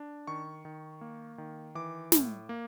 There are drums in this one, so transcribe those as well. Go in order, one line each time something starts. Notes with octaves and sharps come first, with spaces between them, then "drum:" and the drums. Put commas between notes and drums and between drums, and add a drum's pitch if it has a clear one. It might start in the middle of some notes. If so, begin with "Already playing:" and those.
Already playing: D4
D#3 C#6
D#3
A#3
D#3
E3 D6
A2, drum: snare
A#3